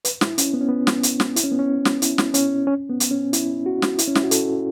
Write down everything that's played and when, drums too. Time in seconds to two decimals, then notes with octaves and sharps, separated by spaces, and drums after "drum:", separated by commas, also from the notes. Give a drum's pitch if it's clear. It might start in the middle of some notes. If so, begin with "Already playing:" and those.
0.05 B4, drum: hi-hat
0.21 E4, drum: snare
0.38 C#4, drum: hi-hat
0.54 B3
0.61 C#4
0.69 B3
0.87 drum: snare
1.03 drum: hi-hat
1.20 drum: snare
1.36 E4, drum: hi-hat
1.44 C#4
1.52 B3
1.59 C#4
1.85 drum: snare
2.02 E4, drum: hi-hat
2.18 drum: snare
2.34 C#4, drum: hi-hat
2.67 C#4
2.90 B3
3.00 drum: hi-hat
3.11 C#4
3.33 E4, drum: hi-hat
3.66 F#4
3.82 drum: snare
3.99 E4, drum: hi-hat
4.08 C#4
4.15 E4, drum: snare
4.23 F#4
4.31 A4, drum: hi-hat